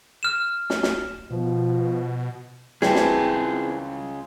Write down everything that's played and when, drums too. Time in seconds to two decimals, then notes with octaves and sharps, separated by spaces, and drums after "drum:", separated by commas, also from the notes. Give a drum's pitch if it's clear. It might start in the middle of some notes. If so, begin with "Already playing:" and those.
0.23 F6 E7
0.70 drum: snare
0.83 drum: snare
1.31 B2 F3
2.82 C#2 E3 G3 C4 G#4 A5, drum: snare
2.95 drum: snare